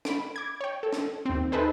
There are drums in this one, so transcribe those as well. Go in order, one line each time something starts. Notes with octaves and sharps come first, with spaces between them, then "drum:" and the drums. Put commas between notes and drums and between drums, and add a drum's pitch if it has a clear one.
B5 D7, drum: snare
D6 G#6
C#5 G5
A4
drum: snare
D#2 C4
D#4 E4 G#4 A4 B4 C5